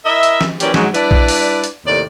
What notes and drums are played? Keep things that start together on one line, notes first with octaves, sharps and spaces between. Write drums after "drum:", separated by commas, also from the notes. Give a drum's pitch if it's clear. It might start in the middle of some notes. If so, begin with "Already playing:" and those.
E4 A#4 D#5 E5
drum: hi-hat
drum: snare
E3 F#3 A#3 C#4 G4 D5, drum: hi-hat
G#2 F#3 G#3, drum: snare
G3 D4 E4 B4 D5, drum: hi-hat
drum: kick A#1
drum: open hi-hat
drum: hi-hat
D#2 A2 C3 D5